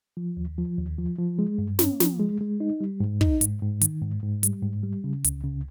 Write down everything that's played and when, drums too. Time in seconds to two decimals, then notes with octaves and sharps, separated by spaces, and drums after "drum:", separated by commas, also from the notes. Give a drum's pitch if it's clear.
0.17 F3
0.37 D#2
0.58 F3
0.78 D#2
0.98 F3
1.19 F3
1.39 G#3
1.58 G2
1.79 C#4, drum: snare
2.00 F3, drum: snare
2.19 G#3
2.41 G#3
2.60 D#4
2.81 G3
3.00 G#2
3.21 D#4, drum: kick
3.41 G#2, drum: hi-hat
3.62 G#2
3.81 D#3, drum: hi-hat
4.02 G#2
4.23 G#2
4.43 G3, drum: hi-hat
4.63 G#2
4.83 G3
5.04 C#3
5.24 C#2, drum: hi-hat
5.44 C#3